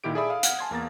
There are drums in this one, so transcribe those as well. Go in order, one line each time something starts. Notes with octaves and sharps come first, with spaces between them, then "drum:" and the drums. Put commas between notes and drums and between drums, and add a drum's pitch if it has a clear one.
A#2 D#3 E4 G4 D7
G#4 A4 D5 E5 B5 D#6
F5 D#6
F#5 F6 G#6, drum: hi-hat
G#5 A5 C6 G#6
E2 A#3 A#5 A6